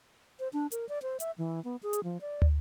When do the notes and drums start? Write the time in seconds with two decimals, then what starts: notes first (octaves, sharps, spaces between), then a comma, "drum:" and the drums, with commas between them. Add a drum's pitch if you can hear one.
0.40 C5
0.53 D4
0.72 A#4, drum: hi-hat
0.89 D5
1.02 C5
1.20 E5, drum: hi-hat
1.38 E3
1.64 B3
1.83 G#4
1.93 drum: hi-hat
2.04 F3
2.21 D5
2.42 drum: tom